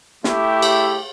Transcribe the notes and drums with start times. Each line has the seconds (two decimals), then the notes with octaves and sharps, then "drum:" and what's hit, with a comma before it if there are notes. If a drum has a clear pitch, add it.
0.24 A3 E4 G4, drum: snare
0.62 drum: cymbal